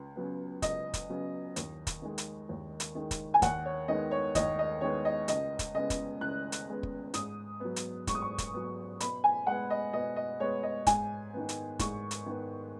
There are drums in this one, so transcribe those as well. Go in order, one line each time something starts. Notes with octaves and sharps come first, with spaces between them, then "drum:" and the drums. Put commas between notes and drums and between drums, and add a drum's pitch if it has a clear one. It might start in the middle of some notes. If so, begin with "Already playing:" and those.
Already playing: C#2
C#3 F#3 B3
C#2 D#5, drum: kick, hi-hat
drum: kick, hi-hat
C#3 F#3 B3
D#2, drum: hi-hat
drum: kick, hi-hat
D#3 G#3
drum: hi-hat
D#2
drum: hi-hat
D#3 G#3
drum: kick, hi-hat
G#5
D#2 F#5, drum: kick, hi-hat
C#5
D#3 G#3 B3 D#5
C#5
D#2 D#5, drum: kick, hi-hat
D#5
D#3 G#3 B3 C#5
D#5
C#2 D#5, drum: hi-hat
drum: kick, hi-hat
C#3 G#3 B3 D#5
drum: kick, hi-hat
C#2 F#6
drum: hi-hat
C#3 G#3 B3
drum: kick
G#2 D#6, drum: hi-hat
F#3 B3
drum: hi-hat
G#2 C#6, drum: kick, hi-hat
D#6
C#6
drum: kick, hi-hat
F#3 B3
B2 B5, drum: hi-hat
G#5
G#3 B3 F#5
D#5
B2 D#5
D#5
G#3 B3 C#5
D#5
G#2 G#5, drum: kick, hi-hat
D#3 B3
drum: hi-hat
G#2 C#6, drum: kick, hi-hat
drum: hi-hat
D#3 B3